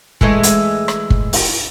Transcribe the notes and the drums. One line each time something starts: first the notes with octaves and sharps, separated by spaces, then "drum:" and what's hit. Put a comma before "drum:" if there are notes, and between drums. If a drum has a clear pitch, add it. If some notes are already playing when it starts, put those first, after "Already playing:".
E3 G#3 A3, drum: kick
drum: hi-hat
drum: rim click
drum: kick
drum: open hi-hat